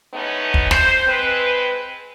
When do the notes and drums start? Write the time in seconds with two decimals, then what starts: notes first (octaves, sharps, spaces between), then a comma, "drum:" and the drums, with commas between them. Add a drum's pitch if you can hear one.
0.14 E3 G#3 A3 B3 C#4 D#4
0.54 drum: kick
0.71 C5, drum: snare
1.08 G#3 C4 B4